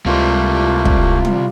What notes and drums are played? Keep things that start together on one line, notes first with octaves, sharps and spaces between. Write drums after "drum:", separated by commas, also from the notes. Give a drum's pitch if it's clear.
C#2 C3 G3 A3 A#3 F4
drum: kick
drum: tom